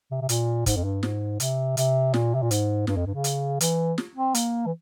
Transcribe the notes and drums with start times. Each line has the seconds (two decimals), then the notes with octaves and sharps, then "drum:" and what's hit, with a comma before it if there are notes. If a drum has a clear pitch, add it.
0.11 C3
0.21 C3
0.29 A#2, drum: hi-hat
0.66 G#2, drum: kick, hi-hat
0.76 F2
0.84 G2
1.03 G#2, drum: snare
1.40 C3, drum: hi-hat
1.77 C3, drum: hi-hat
2.14 A#2, drum: snare
2.34 C3
2.42 A#2
2.51 G#2, drum: hi-hat
2.87 G2, drum: snare
2.97 F2
3.06 G2
3.15 C#3
3.24 drum: hi-hat
3.61 E3, drum: hi-hat
3.98 drum: snare
4.16 C4
4.35 A#3, drum: hi-hat
4.66 E3